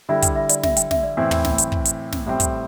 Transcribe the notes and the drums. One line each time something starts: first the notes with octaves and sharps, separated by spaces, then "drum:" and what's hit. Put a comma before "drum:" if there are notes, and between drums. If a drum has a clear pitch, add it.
D3 G3 E4 E5
G5, drum: kick, hi-hat
E5
D5, drum: hi-hat
E5, drum: snare
G5, drum: hi-hat
E5, drum: snare
D5
A2 E3 C4 E4
drum: tom
drum: snare
drum: hi-hat
drum: kick
drum: hi-hat
drum: snare
A2 G3 C4 C5
drum: kick, hi-hat